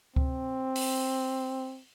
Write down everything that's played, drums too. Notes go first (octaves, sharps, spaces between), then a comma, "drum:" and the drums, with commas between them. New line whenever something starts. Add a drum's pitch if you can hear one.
C4, drum: kick C#2
drum: open hi-hat